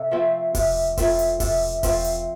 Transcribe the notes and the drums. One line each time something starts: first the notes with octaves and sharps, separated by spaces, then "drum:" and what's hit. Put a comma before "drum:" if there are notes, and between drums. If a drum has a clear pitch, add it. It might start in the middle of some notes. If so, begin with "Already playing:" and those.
Already playing: C3 A4
F3 A3 C4
C3, drum: kick E1, open hi-hat
F3 A3 C4, drum: kick E1, open hi-hat
drum: hi-hat
C3 A4, drum: kick E1, open hi-hat
F3 A3 C4, drum: kick E1, open hi-hat
drum: hi-hat